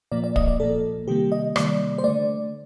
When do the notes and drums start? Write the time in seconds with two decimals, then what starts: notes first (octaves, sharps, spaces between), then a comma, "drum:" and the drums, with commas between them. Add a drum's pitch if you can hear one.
0.12 A#2 F3 A#3 D5
0.24 D5
0.36 D#5, drum: kick
0.48 D5
0.60 A#2 F3 A#3 A4
1.08 C3 D#3 G3 A#3 G4
1.32 D#5
1.56 C3 D#3 G3 A#3 D5, drum: rim click
1.98 C5
2.04 D3 A3 D5